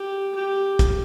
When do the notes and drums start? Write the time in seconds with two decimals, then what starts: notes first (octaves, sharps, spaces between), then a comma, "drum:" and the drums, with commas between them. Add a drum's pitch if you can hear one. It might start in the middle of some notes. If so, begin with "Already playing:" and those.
Already playing: G4
0.35 G4
0.79 drum: kick, hi-hat